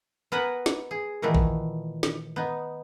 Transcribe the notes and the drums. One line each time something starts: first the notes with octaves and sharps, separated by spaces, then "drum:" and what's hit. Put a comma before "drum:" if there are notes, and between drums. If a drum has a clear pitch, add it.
B3 A#4 B4 F#5 G#5
drum: snare
G#4
A#2 D#3 E3 A3 B3
drum: kick A#1
drum: snare
B3 D#4